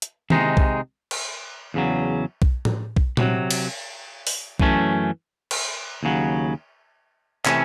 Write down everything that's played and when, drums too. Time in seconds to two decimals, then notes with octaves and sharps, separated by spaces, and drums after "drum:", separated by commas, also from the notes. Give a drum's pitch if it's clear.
0.02 drum: hi-hat
0.30 C3 D#3 G#3 D#4, drum: tom D#3
0.57 drum: kick B1
1.11 drum: cymbal
1.74 E2 C#3 F#3
2.42 drum: kick B1
2.65 drum: tom A2
2.96 drum: kick B1
3.17 C3 D#3 F#3, drum: tom A#2
3.51 drum: cymbal
4.27 drum: open hi-hat
4.60 F#2 E3 A3 C#4, drum: kick B1
5.51 drum: cymbal
6.03 D#2 C#3 F#3
7.45 C3 E3 A3 C#4, drum: clap